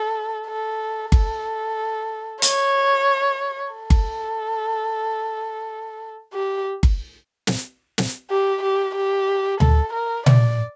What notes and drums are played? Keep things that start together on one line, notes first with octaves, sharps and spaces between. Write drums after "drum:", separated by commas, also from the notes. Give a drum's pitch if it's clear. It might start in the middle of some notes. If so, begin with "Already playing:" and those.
Already playing: A4
A4
A4, drum: kick G1
C#5, drum: hi-hat
A4
drum: kick G1
G4
drum: kick G1
drum: snare
drum: snare
G4
G4
G4
A4, drum: tom D2
A#4
D5, drum: tom A#2